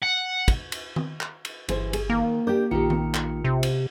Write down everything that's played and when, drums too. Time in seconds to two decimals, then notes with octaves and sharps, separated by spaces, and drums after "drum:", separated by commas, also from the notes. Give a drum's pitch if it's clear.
0.03 F#5
0.48 drum: kick, cymbal
0.72 drum: cymbal
0.96 drum: tom D#3
1.21 drum: clap
1.45 drum: cymbal
1.69 G1 E3 G#4 C5, drum: cymbal
1.93 G#4, drum: cymbal
2.10 D#3 A#3
2.47 D4 G4 A#4 D6 G6
2.71 A#1 D#3 F4 G4 C#7
2.90 drum: tom D#3
3.14 drum: clap
3.44 C3
3.63 drum: cymbal